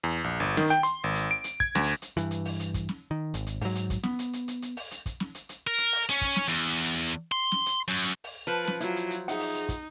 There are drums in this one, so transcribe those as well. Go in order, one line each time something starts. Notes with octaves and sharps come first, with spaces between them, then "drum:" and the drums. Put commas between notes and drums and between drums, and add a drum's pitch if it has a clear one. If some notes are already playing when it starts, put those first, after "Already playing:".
E2
A#1
G1
D#3, drum: snare
G5
C6, drum: hi-hat
G#1
drum: hi-hat
D7
drum: hi-hat
G#6, drum: kick
D2, drum: snare
drum: hi-hat
drum: hi-hat
G2 E3, drum: hi-hat
drum: hi-hat
drum: open hi-hat
drum: hi-hat
drum: kick, hi-hat
drum: snare
D#3
G#1, drum: hi-hat
drum: hi-hat
G#2 F#3, drum: open hi-hat
drum: hi-hat
drum: kick, hi-hat
B3, drum: snare
drum: hi-hat
drum: hi-hat
drum: hi-hat
drum: hi-hat
drum: open hi-hat
drum: hi-hat
drum: kick, hi-hat
drum: snare
drum: hi-hat
drum: hi-hat
A#4
drum: hi-hat
drum: open hi-hat
C#4, drum: hi-hat
drum: kick, hi-hat
drum: snare
E2, drum: hi-hat
drum: hi-hat
drum: hi-hat
drum: hi-hat
C6
drum: snare
drum: hi-hat
F#2
drum: open hi-hat
F3 B4
drum: snare
F#3 E4 F4, drum: hi-hat
drum: hi-hat
drum: hi-hat
D#4 G#4 E5 F#5, drum: hi-hat
drum: open hi-hat
drum: hi-hat
drum: kick, hi-hat